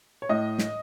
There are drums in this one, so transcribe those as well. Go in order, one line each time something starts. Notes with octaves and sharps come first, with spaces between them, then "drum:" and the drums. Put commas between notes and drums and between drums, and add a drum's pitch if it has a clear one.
C#5
A2 D#5
drum: snare